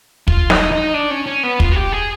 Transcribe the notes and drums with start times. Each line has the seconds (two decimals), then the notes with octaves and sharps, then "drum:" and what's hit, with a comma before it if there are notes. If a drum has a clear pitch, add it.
0.28 F4, drum: kick
0.50 D#4, drum: snare
0.71 D#4
0.94 D4
1.11 C#4
1.26 C#4
1.44 B3
1.60 F4, drum: kick
1.72 F#4
1.76 G4
1.92 G#4